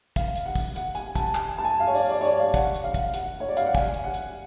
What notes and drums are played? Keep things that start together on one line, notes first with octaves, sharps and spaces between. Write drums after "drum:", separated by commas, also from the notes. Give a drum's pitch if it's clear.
F5, drum: kick, hi-hat
drum: hi-hat
F#5
drum: kick, open hi-hat
F#5, drum: hi-hat
G#5, drum: hi-hat
A5, drum: kick, hi-hat
G#5, drum: clap
A5
G#5
F5
C#5
D5, drum: open hi-hat
D5
C#5
D5
F5
F#5, drum: kick, hi-hat
drum: hi-hat
F5
drum: kick, hi-hat
F#5, drum: hi-hat
C#5
D5
F5, drum: hi-hat
F#5
G#5, drum: kick, open hi-hat
drum: hi-hat
F#5
drum: hi-hat